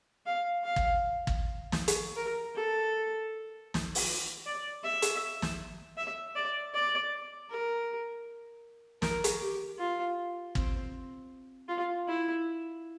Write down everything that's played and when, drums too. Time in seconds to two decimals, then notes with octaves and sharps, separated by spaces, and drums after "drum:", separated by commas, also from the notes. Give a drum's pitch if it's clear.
0.26 F5
0.64 F5
0.76 drum: kick
1.27 drum: kick
1.72 drum: snare
1.88 drum: hi-hat
2.16 A#4
2.55 A4
3.74 drum: snare
3.95 drum: open hi-hat
4.46 D5
4.83 E5
5.02 drum: hi-hat
5.42 drum: snare
5.97 E5
6.35 D5
6.74 D5
7.50 A#4
9.02 A#4, drum: snare
9.24 drum: hi-hat
9.41 G4
9.78 F4
10.55 C4, drum: kick
11.68 F4
12.08 E4